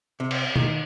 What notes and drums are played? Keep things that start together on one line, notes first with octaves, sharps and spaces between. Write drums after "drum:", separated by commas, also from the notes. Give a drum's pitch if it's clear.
C3
drum: cymbal
D#3, drum: tom B2